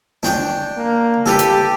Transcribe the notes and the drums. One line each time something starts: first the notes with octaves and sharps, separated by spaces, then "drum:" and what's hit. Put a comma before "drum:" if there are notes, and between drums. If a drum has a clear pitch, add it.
D4 G5 C#6, drum: snare
A#3
G4 A4 B4, drum: snare
drum: hi-hat